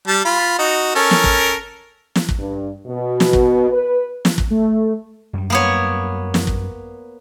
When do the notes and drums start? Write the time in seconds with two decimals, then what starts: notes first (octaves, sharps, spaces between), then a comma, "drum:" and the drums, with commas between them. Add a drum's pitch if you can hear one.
0.07 G3 A5
0.25 F4 B5
0.59 D#4 F#4
0.95 C#4 A4 A#4
1.11 drum: snare
1.24 drum: kick
2.16 drum: snare
2.29 drum: kick
2.38 G2
2.87 B2
3.20 drum: snare
3.33 drum: kick
3.71 B4
4.25 drum: snare
4.38 drum: kick
4.50 A3
5.33 F#2 G3
5.50 A#3 B3 C#5
6.34 drum: snare
6.47 drum: kick